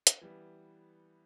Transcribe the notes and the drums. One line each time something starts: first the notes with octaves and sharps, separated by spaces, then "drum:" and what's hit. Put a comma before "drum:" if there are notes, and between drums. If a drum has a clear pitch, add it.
drum: hi-hat
E3 G3 B3